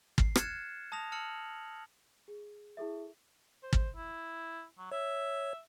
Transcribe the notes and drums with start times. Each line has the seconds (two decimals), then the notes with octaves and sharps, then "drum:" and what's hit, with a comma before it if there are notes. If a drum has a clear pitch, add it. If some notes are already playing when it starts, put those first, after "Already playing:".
0.18 C7, drum: kick
0.36 F6 F#6 G#6 A6 C#7 E7, drum: rim click
0.92 A5 D#6 A#6 F7
1.12 A5 E6 F6 C#7 F7 F#7
2.28 G#4
2.77 E4 G#4 A4 E5
3.63 C5
3.73 drum: kick
3.95 E4
4.78 F#3
4.92 C#5 E5